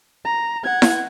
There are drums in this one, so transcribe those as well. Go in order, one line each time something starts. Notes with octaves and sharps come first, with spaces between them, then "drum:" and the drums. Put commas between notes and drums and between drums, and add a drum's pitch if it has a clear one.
A#5
F#5 G#6
drum: snare E4